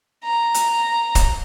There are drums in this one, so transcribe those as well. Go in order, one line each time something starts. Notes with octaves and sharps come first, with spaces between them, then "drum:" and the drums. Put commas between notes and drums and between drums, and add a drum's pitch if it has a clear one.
A#5
drum: hi-hat
drum: kick, hi-hat